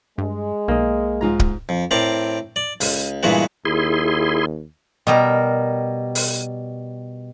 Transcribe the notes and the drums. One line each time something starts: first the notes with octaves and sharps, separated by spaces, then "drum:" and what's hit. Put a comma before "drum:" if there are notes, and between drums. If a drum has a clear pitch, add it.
G2 G#3
B1 A#3 D#5
G#2 F4 A#5
drum: kick
F2
A2 C4 A#4 D5 D6
D5
C#2, drum: open hi-hat
G2 A#2 E3 G#3 B3 F#4
D#2 E4 G#4 C6
B2 G3 A#4
drum: open hi-hat